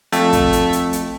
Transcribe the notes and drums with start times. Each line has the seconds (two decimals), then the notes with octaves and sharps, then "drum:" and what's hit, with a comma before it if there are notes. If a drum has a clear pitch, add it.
0.13 F2 A3, drum: hi-hat
0.33 drum: kick, hi-hat
0.53 drum: hi-hat
0.73 drum: hi-hat
0.93 drum: hi-hat